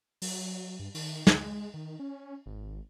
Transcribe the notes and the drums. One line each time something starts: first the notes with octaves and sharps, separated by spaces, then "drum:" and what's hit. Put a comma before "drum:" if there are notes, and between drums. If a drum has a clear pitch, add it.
F#3, drum: open hi-hat
G2
D#3, drum: open hi-hat
G#3, drum: snare
D#3
C#4
G#1